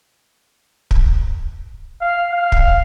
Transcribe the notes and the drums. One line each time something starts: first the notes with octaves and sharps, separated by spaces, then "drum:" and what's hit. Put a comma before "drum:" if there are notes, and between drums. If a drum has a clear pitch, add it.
drum: kick
F5
F5
drum: kick